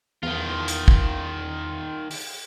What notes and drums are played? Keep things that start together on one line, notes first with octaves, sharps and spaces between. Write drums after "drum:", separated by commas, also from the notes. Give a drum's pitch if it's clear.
E2 D#3 F4
drum: hi-hat
drum: kick
drum: open hi-hat